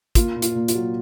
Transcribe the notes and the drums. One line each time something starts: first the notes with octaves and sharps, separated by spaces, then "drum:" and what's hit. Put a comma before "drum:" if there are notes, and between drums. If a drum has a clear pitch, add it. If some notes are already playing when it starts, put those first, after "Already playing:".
A#3 F4, drum: kick, hi-hat
A#2
F4, drum: hi-hat
A#2
F4, drum: hi-hat
F#3